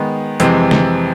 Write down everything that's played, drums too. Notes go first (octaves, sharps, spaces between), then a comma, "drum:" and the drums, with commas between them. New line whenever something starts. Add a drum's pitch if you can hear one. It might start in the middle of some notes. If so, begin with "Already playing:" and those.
Already playing: D#3 G#3 B3
F2 C3 E3 G#3 C4, drum: hi-hat
drum: snare